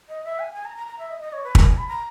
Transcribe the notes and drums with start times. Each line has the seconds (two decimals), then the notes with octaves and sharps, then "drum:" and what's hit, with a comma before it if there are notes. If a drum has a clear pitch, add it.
0.09 D#5
0.24 E5
0.39 G#5
0.54 G#5
0.65 A#5
0.76 A#5
0.87 A#5
0.99 E5
1.10 D#5
1.21 D#5
1.33 C#5
1.44 B4
1.55 A#4, drum: kick
1.66 G#5
1.77 B5
1.88 A#5